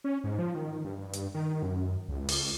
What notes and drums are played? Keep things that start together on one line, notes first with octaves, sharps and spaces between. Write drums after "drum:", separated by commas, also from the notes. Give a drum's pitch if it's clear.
C#4
G#2
F3
D#3
G2
drum: hi-hat
D#3
F#2
C#2
drum: open hi-hat